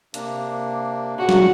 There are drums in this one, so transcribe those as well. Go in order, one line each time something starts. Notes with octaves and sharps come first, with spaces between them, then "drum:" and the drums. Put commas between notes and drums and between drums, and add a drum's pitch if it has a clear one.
C3 A#3 D4, drum: hi-hat
A#2 C#3 F#4
drum: snare